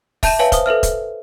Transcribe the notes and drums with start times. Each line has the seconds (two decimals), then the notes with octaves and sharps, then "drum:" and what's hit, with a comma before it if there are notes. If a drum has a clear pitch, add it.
0.23 E5 A5 G6 D#7 E7, drum: kick E1, open hi-hat
0.39 B4 C#5 E5 F5 G#5 A5
0.52 C5 D#6, drum: kick E1, hi-hat
0.66 A4 B4 E5 F6
0.83 drum: kick E1, hi-hat